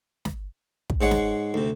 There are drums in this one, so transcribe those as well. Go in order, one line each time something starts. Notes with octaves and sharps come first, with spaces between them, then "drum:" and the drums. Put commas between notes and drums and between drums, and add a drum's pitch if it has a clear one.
drum: snare
drum: kick
G#2 G#3 C#5 F#5
drum: snare
D2 C3